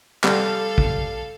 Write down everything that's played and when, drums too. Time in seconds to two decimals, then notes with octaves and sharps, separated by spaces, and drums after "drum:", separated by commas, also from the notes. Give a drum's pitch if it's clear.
0.24 G3 A4 F5, drum: clap
0.78 drum: kick